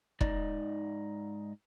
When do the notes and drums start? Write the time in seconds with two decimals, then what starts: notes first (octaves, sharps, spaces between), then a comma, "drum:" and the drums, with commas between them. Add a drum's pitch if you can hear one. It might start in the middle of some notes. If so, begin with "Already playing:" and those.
0.21 G#2 D#4 D5 D#5, drum: kick